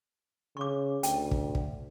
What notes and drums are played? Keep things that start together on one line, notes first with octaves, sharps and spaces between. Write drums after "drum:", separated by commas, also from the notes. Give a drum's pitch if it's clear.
C#3 C#6 D6
D2 G5, drum: hi-hat
drum: kick
drum: kick